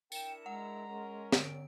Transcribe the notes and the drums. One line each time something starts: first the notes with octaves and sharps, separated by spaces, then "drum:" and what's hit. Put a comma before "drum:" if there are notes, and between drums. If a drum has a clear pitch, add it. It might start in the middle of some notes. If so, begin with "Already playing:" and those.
D4 E4 A#4 G5 C#7 E7, drum: tambourine
G#3 F#5 A#5
C#4 A#4
D3 D7, drum: snare